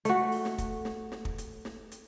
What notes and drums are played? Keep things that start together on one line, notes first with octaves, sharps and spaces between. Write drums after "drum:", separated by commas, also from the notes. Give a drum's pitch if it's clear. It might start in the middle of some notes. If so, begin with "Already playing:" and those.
A3 F#4, drum: hi-hat
drum: open hi-hat
drum: snare
drum: kick, hi-hat
drum: snare
drum: snare
drum: kick
drum: hi-hat
drum: snare
drum: hi-hat